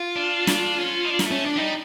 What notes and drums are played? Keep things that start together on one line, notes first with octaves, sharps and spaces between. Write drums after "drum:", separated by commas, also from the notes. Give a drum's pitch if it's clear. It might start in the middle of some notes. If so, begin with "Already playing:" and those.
Already playing: F4
D4
D4, drum: snare
C#4
D#4
D4
A#3, drum: snare
A3
C#4
D4
G3 D#4